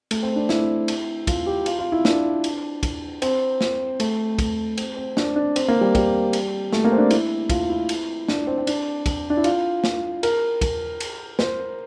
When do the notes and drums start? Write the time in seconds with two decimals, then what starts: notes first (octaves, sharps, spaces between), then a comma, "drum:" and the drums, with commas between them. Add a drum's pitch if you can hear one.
0.11 A3, drum: cymbal
0.23 C4
0.36 D4
0.49 E4, drum: snare
0.88 drum: cymbal
1.27 F4, drum: kick, cymbal
1.46 G4
1.66 F4, drum: cymbal
1.79 F4
1.92 E4
2.05 D4, drum: snare
2.44 drum: cymbal
2.83 drum: kick, cymbal
3.22 C4, drum: cymbal
3.61 drum: snare
4.00 A3, drum: cymbal
4.39 drum: kick, cymbal
4.78 C4, drum: cymbal
4.97 C4
5.17 D4, drum: snare
5.36 D4
5.56 C4, drum: cymbal
5.68 A#3
5.81 G3
5.95 G3, drum: kick, cymbal
6.33 drum: cymbal
6.72 A3, drum: snare
6.84 A#3
6.92 C4
6.98 D4
7.10 E4, drum: cymbal
7.50 F4, drum: kick, cymbal
7.70 E4
7.89 drum: cymbal
8.28 D4, drum: snare
8.47 C4
8.58 C4
8.67 D4, drum: cymbal
9.06 drum: kick, cymbal
9.30 D4
9.37 E4
9.44 F4, drum: cymbal
9.84 drum: snare
10.23 A#4, drum: cymbal
10.61 drum: kick, cymbal
11.00 drum: cymbal
11.39 C5, drum: snare